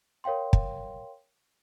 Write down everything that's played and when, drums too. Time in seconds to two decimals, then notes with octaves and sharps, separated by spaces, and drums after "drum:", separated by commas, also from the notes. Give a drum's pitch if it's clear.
0.24 A#4 C#5 F5 G5 C6
0.53 drum: kick